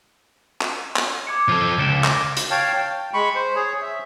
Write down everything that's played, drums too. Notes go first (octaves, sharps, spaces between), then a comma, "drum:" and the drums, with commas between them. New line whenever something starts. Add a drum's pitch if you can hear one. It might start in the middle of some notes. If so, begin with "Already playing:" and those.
drum: clap
drum: clap
D6 G#6 C#7
F3 A4
G7
C#2 A6 D7 E7
A#6, drum: clap
drum: hi-hat
C#5 F5 G5 A5
G5
G#3 B5 C#6
C5
G#4 C#5
E5